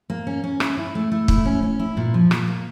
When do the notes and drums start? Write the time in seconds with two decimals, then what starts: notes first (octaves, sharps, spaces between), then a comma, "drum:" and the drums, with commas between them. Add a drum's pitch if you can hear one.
0.10 A#3
0.27 C#4
0.44 C#4
0.60 E4, drum: rim click
0.77 E4
0.95 A3
1.12 A3
1.28 E4, drum: kick
1.45 C#4
1.63 C#4
1.79 E4
1.97 A#2
2.14 F3
2.31 A#2, drum: rim click
2.48 A#3